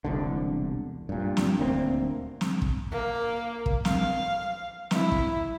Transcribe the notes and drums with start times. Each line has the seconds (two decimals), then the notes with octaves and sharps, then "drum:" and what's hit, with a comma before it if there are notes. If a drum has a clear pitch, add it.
0.04 E1 C2 D3
1.09 G2 A#2
1.37 drum: snare
1.59 D#1 D2 A#3 C4
2.41 drum: snare
2.62 drum: kick
2.91 A#3
3.66 drum: kick
3.85 F5, drum: snare
4.91 E4, drum: snare
5.12 drum: kick